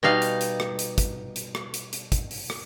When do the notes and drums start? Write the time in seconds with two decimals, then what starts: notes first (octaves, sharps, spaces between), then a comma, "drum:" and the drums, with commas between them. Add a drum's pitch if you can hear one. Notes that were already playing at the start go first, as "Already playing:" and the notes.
0.03 B2 G3 D#4 F5
0.22 drum: hi-hat
0.41 drum: hi-hat
0.60 drum: rim click
0.79 drum: hi-hat
0.98 drum: kick, hi-hat
1.36 drum: hi-hat
1.55 drum: rim click
1.74 drum: hi-hat
1.93 drum: hi-hat
2.12 drum: kick, hi-hat
2.31 drum: open hi-hat
2.50 drum: rim click